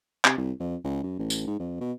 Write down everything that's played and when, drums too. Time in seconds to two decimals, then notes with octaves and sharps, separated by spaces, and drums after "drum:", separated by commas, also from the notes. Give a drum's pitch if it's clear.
0.25 C3, drum: clap
0.37 C2
0.60 F2
0.84 C#2
1.03 F#2
1.19 A1
1.30 drum: tambourine
1.47 G#2
1.59 F2
1.80 B2